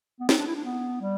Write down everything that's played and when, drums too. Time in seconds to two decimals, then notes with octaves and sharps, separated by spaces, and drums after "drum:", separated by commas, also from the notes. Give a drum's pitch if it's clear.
0.20 B3
0.29 C4, drum: snare
0.38 D4
0.47 E4
0.56 D4
0.64 B3
1.01 G3